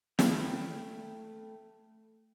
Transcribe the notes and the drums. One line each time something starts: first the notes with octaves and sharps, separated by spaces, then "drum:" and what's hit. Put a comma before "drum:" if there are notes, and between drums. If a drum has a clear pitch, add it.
A3 G5 B5 F6, drum: snare